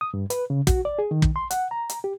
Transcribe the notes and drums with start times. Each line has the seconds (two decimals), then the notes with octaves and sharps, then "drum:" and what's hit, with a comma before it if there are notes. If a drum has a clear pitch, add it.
0.01 D#6
0.14 G2
0.30 B4, drum: hi-hat
0.50 C#3
0.67 F#4, drum: kick, hi-hat
0.85 D5
0.99 G#4
1.11 D#3
1.22 drum: kick
1.36 C6
1.51 F#5, drum: hi-hat
1.71 A#5
1.89 drum: hi-hat
2.04 G4